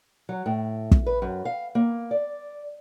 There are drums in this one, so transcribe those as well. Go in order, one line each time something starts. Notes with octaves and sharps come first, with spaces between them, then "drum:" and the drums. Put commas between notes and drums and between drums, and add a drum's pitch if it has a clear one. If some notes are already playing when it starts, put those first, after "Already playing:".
F#3
A2
drum: kick
B4
F#2
F5
A#3
D5